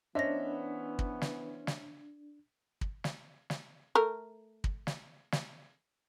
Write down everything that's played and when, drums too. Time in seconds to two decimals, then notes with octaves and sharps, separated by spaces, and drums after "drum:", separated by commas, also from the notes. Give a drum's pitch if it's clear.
0.15 E3 B3 C#4 D4 C5 D#5 E5 A#6
0.99 drum: kick
1.22 drum: snare
1.67 drum: snare
2.81 drum: kick
3.04 drum: snare
3.50 drum: snare
3.95 A3 A#4
4.64 drum: kick
4.87 drum: snare
5.32 drum: snare